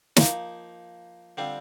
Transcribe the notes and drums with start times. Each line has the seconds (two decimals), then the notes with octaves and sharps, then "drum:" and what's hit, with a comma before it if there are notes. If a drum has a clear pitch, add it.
0.16 F3 A#3 D#4, drum: snare
1.37 D3 G3 C4 F4